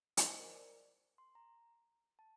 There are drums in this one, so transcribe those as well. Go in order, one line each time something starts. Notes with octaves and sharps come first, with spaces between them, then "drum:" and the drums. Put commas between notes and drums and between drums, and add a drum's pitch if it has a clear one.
D#5, drum: hi-hat
C5
A#4
D5
C6
A#5
A5